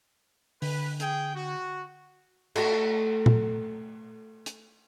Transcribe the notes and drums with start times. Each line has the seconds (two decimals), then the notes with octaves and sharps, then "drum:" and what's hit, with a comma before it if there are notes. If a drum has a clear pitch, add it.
0.62 D3 B4, drum: open hi-hat
1.00 G#4 G5, drum: hi-hat
1.35 F#4
2.56 A3 F#4, drum: cymbal
3.26 drum: tom A#2
4.46 drum: hi-hat